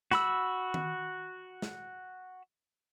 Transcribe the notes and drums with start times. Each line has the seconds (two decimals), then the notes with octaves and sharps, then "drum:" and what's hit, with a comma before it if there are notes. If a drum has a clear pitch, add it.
0.11 F#4 B5 E6, drum: snare
0.74 drum: tom D#3
1.62 drum: snare